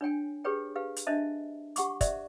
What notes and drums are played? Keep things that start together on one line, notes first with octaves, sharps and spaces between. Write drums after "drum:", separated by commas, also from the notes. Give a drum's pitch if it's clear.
D4 C#5 G5 G#5
G4 G#4 B4 C#5 G5
G4 B4 F5
drum: hi-hat
D4 C5 D#5 E5 A5
G4 F#5 C#6 D6, drum: hi-hat
C5 D5 E5, drum: kick, hi-hat